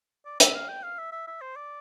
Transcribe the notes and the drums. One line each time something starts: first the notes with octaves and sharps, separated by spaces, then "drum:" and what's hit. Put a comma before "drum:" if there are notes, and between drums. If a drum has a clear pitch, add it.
D5
E5, drum: hi-hat
F5
G5
F5
E5
E5
E5
C5
D5